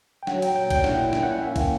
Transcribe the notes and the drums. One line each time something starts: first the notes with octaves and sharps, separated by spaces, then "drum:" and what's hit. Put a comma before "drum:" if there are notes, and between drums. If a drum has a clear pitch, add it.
G5
F#3 F#5, drum: snare
G5, drum: cymbal
A#2 G5
G5, drum: kick, cymbal
E4 F#5, drum: snare
G5
C#4, drum: snare
F#5
A#3 E5
G5, drum: kick, cymbal